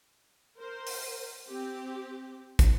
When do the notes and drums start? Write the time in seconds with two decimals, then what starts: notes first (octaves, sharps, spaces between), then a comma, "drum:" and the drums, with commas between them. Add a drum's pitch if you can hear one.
0.58 A#4 C5
0.87 drum: open hi-hat
1.49 C4 G4
2.59 drum: kick, hi-hat